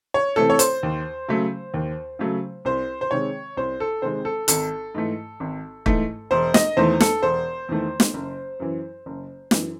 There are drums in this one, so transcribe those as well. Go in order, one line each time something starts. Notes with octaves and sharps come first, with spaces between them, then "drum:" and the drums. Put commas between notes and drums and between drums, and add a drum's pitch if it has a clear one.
C#5
C3 E3 A3 C4 A4
C#5
C5, drum: hi-hat
D#2
C#3 F#3 A3
D#2
C#3 F#3 A3
C2 C5
C5
C3 D#3 G#3 C4 C#5
C2 C5
A4
C3 D#3 G#3 C4 C5
A4
G#1 A4, drum: hi-hat
G#2 E3 A3
G#1
G#2 E3 A3, drum: kick
E1 C5
D#5, drum: snare
E2 D#3 A3 C5
A4, drum: snare
E1 C5
E2 D#3 A3
drum: snare
F#1
F#2 E3
F#1
F#2 E3, drum: snare